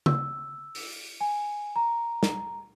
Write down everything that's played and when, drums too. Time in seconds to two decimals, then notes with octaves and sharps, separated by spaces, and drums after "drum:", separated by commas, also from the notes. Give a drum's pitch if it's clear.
0.06 E6, drum: tom C#3
0.75 drum: open hi-hat
1.21 G#5
1.76 A#5
2.23 drum: snare